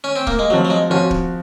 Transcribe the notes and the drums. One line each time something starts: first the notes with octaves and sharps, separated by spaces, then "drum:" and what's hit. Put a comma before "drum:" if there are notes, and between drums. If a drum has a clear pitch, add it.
C#4
C4
A#3, drum: kick
G#3
F3 F#3 C4 F#4
F#3
G#3
F3 C4 C#4 F#4
drum: kick